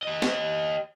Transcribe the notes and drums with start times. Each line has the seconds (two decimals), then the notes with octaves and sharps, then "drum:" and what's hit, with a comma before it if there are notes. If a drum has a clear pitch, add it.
0.03 G4 D#5
0.22 drum: snare